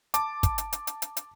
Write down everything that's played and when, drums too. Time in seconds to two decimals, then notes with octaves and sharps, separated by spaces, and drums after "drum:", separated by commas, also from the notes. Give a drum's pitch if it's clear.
0.14 A5 D6, drum: hi-hat
0.43 drum: kick, hi-hat
0.58 drum: hi-hat
0.73 drum: hi-hat
0.87 drum: hi-hat
1.02 drum: hi-hat
1.17 drum: hi-hat